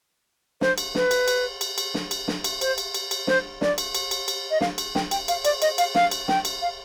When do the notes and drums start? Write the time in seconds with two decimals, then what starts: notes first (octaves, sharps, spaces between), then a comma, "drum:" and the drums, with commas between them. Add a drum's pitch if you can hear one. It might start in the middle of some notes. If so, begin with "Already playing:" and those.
0.61 C5, drum: snare
0.78 drum: cymbal
0.95 B4, drum: snare
1.11 drum: cymbal
1.28 drum: cymbal
1.61 drum: cymbal
1.78 drum: cymbal
1.94 drum: snare
2.11 drum: cymbal
2.28 drum: snare
2.44 drum: cymbal
2.61 C5, drum: cymbal
2.78 drum: cymbal
2.94 drum: cymbal
3.11 drum: cymbal
3.27 C5, drum: snare
3.61 D5, drum: snare
3.78 drum: cymbal
3.95 drum: cymbal
4.11 drum: cymbal
4.28 drum: cymbal
4.51 D#5
4.61 F5, drum: snare
4.78 drum: cymbal
4.95 G5, drum: snare
5.11 G5, drum: cymbal
5.28 F5, drum: cymbal
5.45 D5, drum: cymbal
5.62 D#5, drum: cymbal
5.78 F5, drum: cymbal
5.95 F5, drum: snare
6.11 drum: cymbal
6.28 G5, drum: snare
6.45 drum: cymbal
6.62 F5